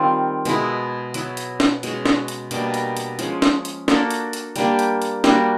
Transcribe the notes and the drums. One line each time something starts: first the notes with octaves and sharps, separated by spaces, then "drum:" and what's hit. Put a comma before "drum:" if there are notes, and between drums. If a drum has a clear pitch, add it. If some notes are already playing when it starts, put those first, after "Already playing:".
Already playing: D#3 G3 C4 D#4 F4
B2 G#3 B3 E4, drum: hi-hat
F#3 B3 E4, drum: hi-hat
drum: hi-hat
drum: snare
B2 G#3 C#4 F#4, drum: hi-hat
drum: snare
drum: hi-hat
B2 G3 A#3 D4, drum: hi-hat
drum: hi-hat
drum: hi-hat
F3 G#3 C#4, drum: hi-hat
drum: snare
drum: hi-hat
A#3 D4 F#4 A4, drum: snare
drum: hi-hat
drum: hi-hat
G3 A#3 D4 G4, drum: hi-hat
drum: hi-hat
drum: hi-hat
G3 A#3 D4 F#4, drum: snare